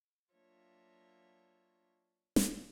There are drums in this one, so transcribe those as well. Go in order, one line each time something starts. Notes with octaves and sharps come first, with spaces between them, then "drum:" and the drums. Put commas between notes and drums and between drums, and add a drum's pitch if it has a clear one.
F#3 A#3 D4 F4 C#5 E5
drum: snare